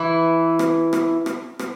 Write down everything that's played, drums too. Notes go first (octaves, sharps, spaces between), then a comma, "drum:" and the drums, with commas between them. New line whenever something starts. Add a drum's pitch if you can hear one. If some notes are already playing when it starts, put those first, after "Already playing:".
Already playing: E3 E4
drum: rim click
drum: rim click
drum: rim click
drum: rim click